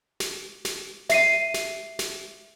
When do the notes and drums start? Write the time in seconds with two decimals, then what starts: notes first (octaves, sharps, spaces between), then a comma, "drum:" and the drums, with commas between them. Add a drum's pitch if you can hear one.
0.20 drum: snare
0.65 drum: snare
1.09 E5 C7 D#7, drum: snare
1.54 drum: snare
1.99 drum: snare